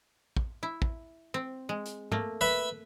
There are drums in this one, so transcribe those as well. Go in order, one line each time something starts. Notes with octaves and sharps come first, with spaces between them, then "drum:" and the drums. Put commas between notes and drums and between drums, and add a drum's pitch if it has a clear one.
drum: kick
E4
drum: kick
C4
G#3
drum: hi-hat
A3 A#3, drum: tom G#2
B4 E5 B5